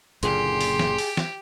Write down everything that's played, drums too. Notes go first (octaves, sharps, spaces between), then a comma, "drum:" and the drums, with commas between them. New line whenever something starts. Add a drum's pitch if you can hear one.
F#1 A#2 D3 G4 G#4 C6, drum: hi-hat
drum: open hi-hat
drum: snare
drum: open hi-hat
drum: snare